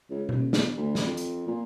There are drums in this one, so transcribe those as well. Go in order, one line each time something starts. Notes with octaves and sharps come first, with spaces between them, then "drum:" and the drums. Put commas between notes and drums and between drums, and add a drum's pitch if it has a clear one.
C#2
D#1, drum: tom B2
G1, drum: snare
D2
drum: snare
F2
drum: hi-hat
A#2